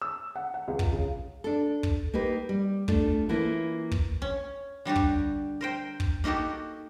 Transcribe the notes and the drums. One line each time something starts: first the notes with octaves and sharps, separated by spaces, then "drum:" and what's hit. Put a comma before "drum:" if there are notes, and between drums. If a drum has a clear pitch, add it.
E6
F#5
F#5
C#2
drum: kick
C#3
D4 A4
drum: kick
A#3 D#4 G4 B4
G3
A3 D4 F4 A4, drum: kick
E3 A#3 C#4 E4 F4
drum: kick
C#4
D3 G3 F#4 G4
drum: kick
A#4 C5 G5
drum: kick
A#3 D#4 F#4 G4 A4